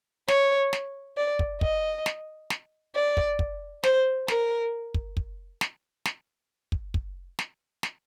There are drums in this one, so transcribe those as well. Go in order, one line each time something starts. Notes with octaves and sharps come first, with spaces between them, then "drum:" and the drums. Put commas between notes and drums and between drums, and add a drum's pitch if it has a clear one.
C#5, drum: snare
drum: snare
D5
drum: kick
D#5, drum: kick
drum: snare
drum: snare
D5
drum: kick
drum: kick
C5, drum: snare
A#4, drum: snare
drum: kick
drum: kick
drum: snare
drum: snare
drum: kick
drum: kick
drum: snare
drum: snare